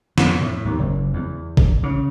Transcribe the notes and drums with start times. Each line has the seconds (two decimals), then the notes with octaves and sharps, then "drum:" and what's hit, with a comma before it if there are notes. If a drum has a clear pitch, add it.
0.18 F2, drum: snare
0.41 A2
0.65 D#2
0.79 F#1
1.14 E2
1.57 drum: kick G1
1.83 C#3